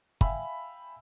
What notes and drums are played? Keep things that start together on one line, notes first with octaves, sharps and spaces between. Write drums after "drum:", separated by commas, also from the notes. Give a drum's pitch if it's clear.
E5 F5 G5 G#5 B5 E6, drum: kick G1